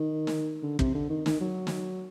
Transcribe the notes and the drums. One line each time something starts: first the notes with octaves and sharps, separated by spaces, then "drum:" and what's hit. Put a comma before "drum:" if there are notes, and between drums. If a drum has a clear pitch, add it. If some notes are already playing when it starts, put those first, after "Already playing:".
Already playing: D#3
drum: snare
D3
C3, drum: kick
D3
D#3
D#3, drum: snare
F#3
drum: snare